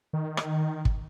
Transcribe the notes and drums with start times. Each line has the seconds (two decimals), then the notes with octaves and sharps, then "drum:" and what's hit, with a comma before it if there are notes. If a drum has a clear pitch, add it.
0.13 D#3
0.37 drum: rim click
0.85 drum: kick